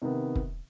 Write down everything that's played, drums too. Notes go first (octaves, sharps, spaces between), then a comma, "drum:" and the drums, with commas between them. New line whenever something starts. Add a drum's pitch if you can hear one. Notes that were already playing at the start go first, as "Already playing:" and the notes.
C3 D#3 B3
drum: kick